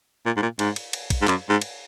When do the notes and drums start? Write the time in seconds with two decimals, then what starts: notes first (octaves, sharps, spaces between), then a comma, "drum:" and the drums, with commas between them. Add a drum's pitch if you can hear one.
0.26 A#2
0.37 G#2
0.42 A#2
0.59 G#2, drum: cymbal
0.76 drum: cymbal
0.93 drum: cymbal
1.10 drum: kick A#1, cymbal
1.22 G#2
1.27 F#2, drum: clap
1.50 G#2
1.62 drum: cymbal